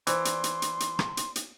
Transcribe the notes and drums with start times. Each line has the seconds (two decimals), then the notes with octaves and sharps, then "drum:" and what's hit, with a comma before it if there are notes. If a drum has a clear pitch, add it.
0.07 E3 C5 D5 F5 C6, drum: hi-hat
0.25 drum: hi-hat
0.44 drum: hi-hat
0.62 drum: hi-hat
0.80 drum: hi-hat
0.99 drum: rim click
1.17 drum: hi-hat
1.36 drum: hi-hat